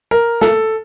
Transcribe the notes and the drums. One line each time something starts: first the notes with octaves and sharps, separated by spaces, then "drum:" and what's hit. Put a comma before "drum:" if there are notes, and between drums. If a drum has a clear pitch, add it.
A#4
A4, drum: snare